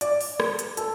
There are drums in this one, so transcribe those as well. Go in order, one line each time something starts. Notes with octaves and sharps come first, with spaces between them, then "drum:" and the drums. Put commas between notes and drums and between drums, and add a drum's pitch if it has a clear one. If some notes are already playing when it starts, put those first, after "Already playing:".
D5, drum: hi-hat
drum: open hi-hat
drum: rim click
drum: hi-hat
A4, drum: hi-hat